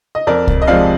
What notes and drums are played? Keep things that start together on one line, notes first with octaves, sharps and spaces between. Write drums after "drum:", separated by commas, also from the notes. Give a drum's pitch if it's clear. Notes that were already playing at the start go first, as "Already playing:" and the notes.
D#5
F2 A#4 D5
drum: kick C2
D#5
C3 F3 G#3 D5 F5